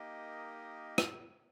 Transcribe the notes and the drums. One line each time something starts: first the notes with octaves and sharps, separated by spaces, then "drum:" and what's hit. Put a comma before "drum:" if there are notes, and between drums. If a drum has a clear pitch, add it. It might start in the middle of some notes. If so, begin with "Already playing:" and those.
Already playing: A#3 D#4 G4 A#4 D#5
drum: rim click